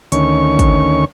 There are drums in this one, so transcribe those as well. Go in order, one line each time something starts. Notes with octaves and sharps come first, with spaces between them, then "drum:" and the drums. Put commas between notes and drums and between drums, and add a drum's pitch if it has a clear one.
D2 D#3 C#4 C#6, drum: hi-hat
drum: kick, hi-hat